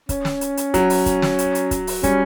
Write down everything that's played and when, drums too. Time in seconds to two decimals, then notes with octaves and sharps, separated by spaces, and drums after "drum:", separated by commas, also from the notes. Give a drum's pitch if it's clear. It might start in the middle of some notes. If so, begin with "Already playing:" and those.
0.09 C#4, drum: kick, hi-hat
0.25 drum: snare
0.41 drum: hi-hat
0.57 drum: hi-hat
0.74 F#3, drum: kick, hi-hat
0.90 drum: open hi-hat
1.06 drum: kick, hi-hat
1.22 drum: snare
1.39 drum: hi-hat
1.55 drum: hi-hat
1.71 drum: kick, hi-hat
1.87 drum: open hi-hat
2.03 G3 C#4, drum: kick, hi-hat